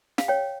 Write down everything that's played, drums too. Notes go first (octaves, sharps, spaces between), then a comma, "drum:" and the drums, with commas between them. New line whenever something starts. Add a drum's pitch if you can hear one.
F5, drum: snare
C#5 G5